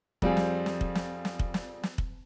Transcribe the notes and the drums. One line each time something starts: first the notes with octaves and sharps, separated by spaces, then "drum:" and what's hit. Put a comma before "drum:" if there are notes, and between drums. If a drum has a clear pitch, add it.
F2 G3 C4 G#4, drum: kick
drum: snare
drum: snare
drum: kick
drum: snare
drum: snare
drum: kick
drum: snare
drum: snare
drum: kick